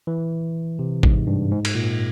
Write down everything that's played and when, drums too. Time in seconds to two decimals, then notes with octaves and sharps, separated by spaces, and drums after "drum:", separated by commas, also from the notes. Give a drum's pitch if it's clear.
0.07 E3
0.79 C3
1.03 G#2, drum: kick G#1
1.27 G2
1.51 G#2
1.65 drum: cymbal
1.75 A#2